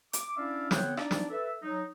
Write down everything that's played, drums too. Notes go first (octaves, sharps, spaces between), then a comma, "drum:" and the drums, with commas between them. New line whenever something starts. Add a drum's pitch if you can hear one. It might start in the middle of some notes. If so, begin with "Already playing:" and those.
D6, drum: hi-hat
C#4 D4 E4 D5 E5 F5
D3 B3 C4 C#5 F#5 G5, drum: snare
D4 D#4 D5, drum: rim click
drum: snare
A4 B4 E5
F#3 D#4